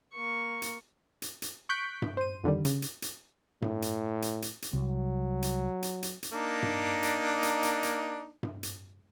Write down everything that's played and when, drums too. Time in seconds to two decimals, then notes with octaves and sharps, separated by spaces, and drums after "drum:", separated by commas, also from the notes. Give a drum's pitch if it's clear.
0.14 A#3 C#6
0.62 drum: hi-hat
1.22 drum: hi-hat
1.42 drum: hi-hat
1.69 C#6 F#6 G6 B6 D7
2.02 drum: tom G2
2.17 C5 D#7
2.44 F2 D3 D#3 G3
2.65 C#3, drum: hi-hat
2.82 drum: hi-hat
3.02 drum: hi-hat
3.62 A2, drum: tom G2
3.82 drum: hi-hat
4.22 drum: hi-hat
4.42 drum: hi-hat
4.62 drum: hi-hat
4.73 C2 F#3
5.42 drum: hi-hat
5.83 drum: hi-hat
6.03 drum: hi-hat
6.23 drum: hi-hat
6.32 A#3 D4 D#4
6.63 drum: tom G2
7.03 drum: hi-hat
7.43 drum: hi-hat
7.63 drum: hi-hat
7.83 drum: hi-hat
8.43 drum: tom G2
8.63 drum: hi-hat